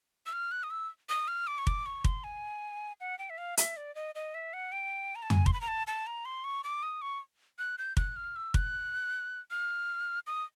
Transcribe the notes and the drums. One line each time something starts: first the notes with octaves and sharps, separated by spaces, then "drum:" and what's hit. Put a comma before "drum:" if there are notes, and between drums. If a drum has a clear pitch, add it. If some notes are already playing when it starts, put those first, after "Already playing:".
E6
F6
F#6
D#6
E6
D#6
F6
D6
C#6
D6, drum: kick
C#6
C6, drum: kick
G#5
F#5
G5
E5
F5
E5, drum: hi-hat
D5
D#5
D#5
E5
F#5
G5
A#5
A5
G#5, drum: tom F2
C6, drum: kick
B5
A#5
A5
A5
A#5
C6
C#6
D6
D#6
C#6
F#6
G6
F#6, drum: kick
F6
E6
F#6, drum: kick
F6
D#6